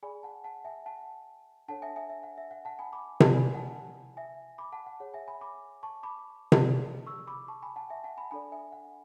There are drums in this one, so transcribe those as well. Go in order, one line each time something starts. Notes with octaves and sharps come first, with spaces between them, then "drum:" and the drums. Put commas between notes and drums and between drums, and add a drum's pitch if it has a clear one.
G#4 D5 G#5 B5
F#5 A5
F#5 A5
E5 G#5
F#5 A5
D4 A4 C#5 F#5 A5
E5 G#5
E5 G#5
E5
F#5
E5
F#5
F#5 A5
G#5 B5
B5 D6
drum: tom C3
E4 B4 D5 G#5 B5
F#5 A5
E5 G#5
B5 D6
F#5 A5
F#5
G#4 C#5 F#5
E5 G#5
G#5 B5
B5 D6
A5 C#6
B5 D6
drum: tom C3
E4 G#4 D5
C#6 E6
B5 D6
A5 C#6
G#5 B5
F#5 A5
E5 G#5
F#5 A5
G#5 B5
D4 A4 D5 G#5 B5
E5 G#5
F#5